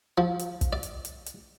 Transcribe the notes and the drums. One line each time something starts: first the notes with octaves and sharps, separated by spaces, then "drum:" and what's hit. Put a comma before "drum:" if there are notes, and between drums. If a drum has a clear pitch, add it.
F3
drum: hi-hat
drum: kick, hi-hat
D5
drum: hi-hat
drum: hi-hat
drum: hi-hat